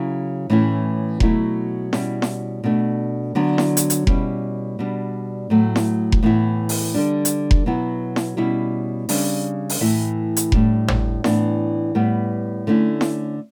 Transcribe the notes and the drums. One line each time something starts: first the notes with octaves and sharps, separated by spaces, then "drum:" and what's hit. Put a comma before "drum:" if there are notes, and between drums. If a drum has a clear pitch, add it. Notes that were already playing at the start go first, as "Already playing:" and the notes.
Already playing: C#3 F#3 C#4 E4
A2 E3 A3 C#4 E4
B2 F#3 A3 E4, drum: kick F1
B2 G3 C#4 E4, drum: snare E4
drum: snare E4
B2 A3 D4
D3 F#3 B3 D4
drum: snare E4
drum: hi-hat
drum: hi-hat
B2 G3 C#4 E4, drum: kick F1
B2 G3 D4
A2 F#3 A3
drum: snare E4
drum: kick F1
A2 E3 B3 E4
drum: open hi-hat
D3 G3 D4
drum: hi-hat
drum: kick F1
B2 F#3 B3 E4
drum: snare E4
B2 G3 C#4 E4
C#3 G3 D4, drum: open hi-hat
drum: open hi-hat
A2 E3 A3 E4
drum: hi-hat
A2 G3 D4, drum: kick F1
drum: tom
A2 E3 B3 D4, drum: snare E4
A2 G3 B3
D3 A3 C#4 E4
drum: snare E4